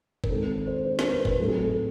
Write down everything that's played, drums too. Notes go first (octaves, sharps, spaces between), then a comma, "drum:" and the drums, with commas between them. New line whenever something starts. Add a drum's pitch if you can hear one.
A#4, drum: kick
D#3 G#3 C4 A4
A4
C5
C5
A#4, drum: snare
B4
A#4, drum: kick
A2 F#3 A3 C4 A4
G#4
A4